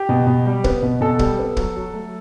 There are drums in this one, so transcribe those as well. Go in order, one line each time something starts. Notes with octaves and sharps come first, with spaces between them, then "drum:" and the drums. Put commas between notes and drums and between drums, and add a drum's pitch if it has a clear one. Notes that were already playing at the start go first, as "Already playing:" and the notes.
Already playing: G4
B2
B2
G3
B3, drum: kick
B2
B2 A4
G3, drum: kick
B3
F#3, drum: kick
F#3
A3